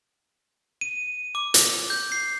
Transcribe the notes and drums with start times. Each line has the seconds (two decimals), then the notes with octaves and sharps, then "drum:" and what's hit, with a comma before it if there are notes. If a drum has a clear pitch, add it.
0.81 D#7
1.35 D6
1.54 drum: hi-hat
1.90 G6
2.12 C7